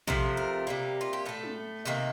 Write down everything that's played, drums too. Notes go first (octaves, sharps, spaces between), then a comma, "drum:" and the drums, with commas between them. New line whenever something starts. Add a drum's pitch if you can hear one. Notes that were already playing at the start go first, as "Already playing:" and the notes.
C3 F3 A3 A#4, drum: kick
A#4
C3 G3 A#3
F4
G4
A2 A3 A4
drum: tom
C3 D#3 A#3